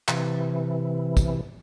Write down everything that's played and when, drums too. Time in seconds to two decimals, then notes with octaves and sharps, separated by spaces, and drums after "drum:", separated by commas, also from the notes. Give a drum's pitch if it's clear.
0.08 C3 E3, drum: clap
1.17 drum: kick, tambourine